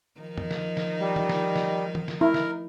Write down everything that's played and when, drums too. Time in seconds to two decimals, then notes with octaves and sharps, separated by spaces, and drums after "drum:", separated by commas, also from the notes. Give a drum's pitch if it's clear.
0.20 D#3 F3 D#4
0.38 drum: tom
0.51 drum: snare
0.77 drum: snare
1.00 G3
1.16 drum: tom
1.29 drum: snare
1.56 drum: snare
1.95 drum: tom
2.08 drum: snare
2.21 E4 A#4
2.34 drum: snare